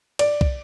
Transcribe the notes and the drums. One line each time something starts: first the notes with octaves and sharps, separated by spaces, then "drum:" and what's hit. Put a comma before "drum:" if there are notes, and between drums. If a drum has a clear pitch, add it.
D5, drum: cymbal
drum: kick